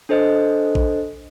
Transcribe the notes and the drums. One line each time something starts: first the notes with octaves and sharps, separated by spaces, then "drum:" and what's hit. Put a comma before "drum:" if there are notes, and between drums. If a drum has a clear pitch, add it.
D4 A4 C5 D#5
drum: kick A#1